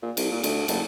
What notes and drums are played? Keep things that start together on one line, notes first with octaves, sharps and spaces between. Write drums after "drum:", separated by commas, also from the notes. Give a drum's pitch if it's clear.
A#2
C2, drum: cymbal
A#2
D2, drum: cymbal
F#1, drum: cymbal